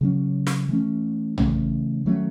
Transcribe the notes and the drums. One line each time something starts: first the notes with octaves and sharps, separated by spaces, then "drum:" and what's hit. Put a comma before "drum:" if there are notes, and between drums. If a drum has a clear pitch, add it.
C#3 F#3 C#4
drum: snare
E3 A3 C#4
C#3 E3 A3 C#4, drum: tom A#1
D#3 F#3 A3 C#4